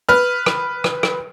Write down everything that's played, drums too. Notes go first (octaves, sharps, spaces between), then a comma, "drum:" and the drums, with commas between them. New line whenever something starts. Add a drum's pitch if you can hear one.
B4 F6
drum: rim click
drum: rim click
drum: rim click